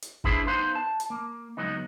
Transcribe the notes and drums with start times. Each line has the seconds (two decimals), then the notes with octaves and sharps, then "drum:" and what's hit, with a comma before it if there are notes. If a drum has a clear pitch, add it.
0.02 drum: hi-hat
0.24 G3 D4 E4 G#4 B4 C5, drum: kick G#1
0.47 B3 D#4 B4 C5 F5 C6
0.75 A5
1.00 drum: hi-hat
1.10 A#3
1.57 C#2 F#3 B3 D#4